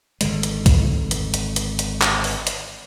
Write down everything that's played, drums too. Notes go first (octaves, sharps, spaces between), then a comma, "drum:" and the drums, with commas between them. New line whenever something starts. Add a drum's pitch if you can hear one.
G#1 D3 G#3, drum: hi-hat
drum: hi-hat
drum: kick B1, hi-hat
drum: hi-hat
drum: hi-hat
drum: hi-hat
drum: hi-hat
drum: clap
drum: open hi-hat
drum: hi-hat